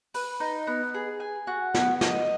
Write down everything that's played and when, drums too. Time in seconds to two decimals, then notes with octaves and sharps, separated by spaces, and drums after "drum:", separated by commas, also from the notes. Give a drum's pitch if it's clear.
0.14 B4, drum: open hi-hat
0.40 D#4
0.67 B3
0.94 G#4
1.20 G#5
1.47 F#4
1.74 B3, drum: snare
2.01 D#5, drum: snare